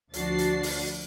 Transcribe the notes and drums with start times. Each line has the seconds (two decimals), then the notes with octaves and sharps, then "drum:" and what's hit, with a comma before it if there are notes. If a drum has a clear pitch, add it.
0.14 D2 F3 D4 F#4 A6 C7, drum: hi-hat
0.38 drum: hi-hat
0.63 drum: open hi-hat